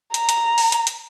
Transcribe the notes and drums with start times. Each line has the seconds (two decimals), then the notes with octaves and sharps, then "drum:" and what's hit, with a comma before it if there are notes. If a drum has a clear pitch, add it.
0.14 A#5, drum: hi-hat
0.29 drum: hi-hat
0.58 drum: open hi-hat
0.72 drum: hi-hat
0.87 drum: hi-hat